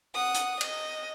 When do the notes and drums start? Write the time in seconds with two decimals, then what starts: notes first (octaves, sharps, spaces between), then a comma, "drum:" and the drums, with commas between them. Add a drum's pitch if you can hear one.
0.14 F#5 D#6
0.34 drum: hi-hat
0.61 D#5, drum: cymbal